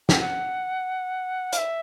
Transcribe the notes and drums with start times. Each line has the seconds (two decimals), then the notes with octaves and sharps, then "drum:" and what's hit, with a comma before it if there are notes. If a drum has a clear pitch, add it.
0.09 G5, drum: snare
0.21 F#5
1.52 F5, drum: hi-hat
1.58 E5